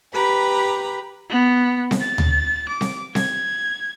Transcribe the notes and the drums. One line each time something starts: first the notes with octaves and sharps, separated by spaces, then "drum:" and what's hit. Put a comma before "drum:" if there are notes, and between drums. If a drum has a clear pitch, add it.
G4 B4 A#5 B5
B3
drum: snare C4
A6
drum: tom D2
D6
drum: snare C4
G#6, drum: snare C4